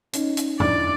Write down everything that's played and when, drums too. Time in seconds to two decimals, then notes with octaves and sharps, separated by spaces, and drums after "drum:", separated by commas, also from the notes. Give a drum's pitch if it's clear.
0.13 C#4 D#4, drum: hi-hat
0.37 drum: hi-hat
0.60 D4 E4 D5, drum: tom E2